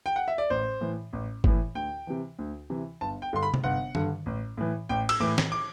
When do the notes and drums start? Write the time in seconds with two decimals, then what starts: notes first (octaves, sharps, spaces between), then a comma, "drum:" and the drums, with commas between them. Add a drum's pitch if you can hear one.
0.06 G5
0.16 F#5
0.28 E5
0.38 D5
0.50 A1 C5
0.81 A2 E3
1.13 A1
1.44 A2 E3, drum: kick G1
1.75 D2 G5
2.07 C3 E3
2.39 D2
2.70 C3 E3
3.01 G1 A5
3.22 G5
3.33 G2 D3 C6
3.43 B5
3.54 drum: tom C3
3.64 G1 F#5
3.95 G2 D3, drum: tom D#3
4.26 A1
4.58 A2 E3
4.89 A1 G5
5.09 E6, drum: cymbal
5.20 A2 E3 D6
5.38 drum: snare
5.52 D6